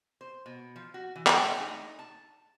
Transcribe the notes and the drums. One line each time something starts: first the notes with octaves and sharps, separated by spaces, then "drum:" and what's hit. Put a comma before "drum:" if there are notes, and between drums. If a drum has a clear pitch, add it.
C5
B2
F3
F#4
E3
drum: clap
A3
D#4
A5